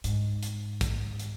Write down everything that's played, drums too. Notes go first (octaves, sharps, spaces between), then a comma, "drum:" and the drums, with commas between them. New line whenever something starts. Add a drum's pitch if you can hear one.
G#2, drum: hi-hat
drum: hi-hat
drum: kick, hi-hat
drum: hi-hat